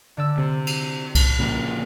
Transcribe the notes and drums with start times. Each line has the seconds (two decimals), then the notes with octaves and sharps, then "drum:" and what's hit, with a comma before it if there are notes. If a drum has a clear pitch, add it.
0.17 D3 D5 E6
0.38 C3
0.67 drum: cymbal
1.15 drum: kick C2, cymbal
1.39 A#1 A#2 C#3 G3 A#3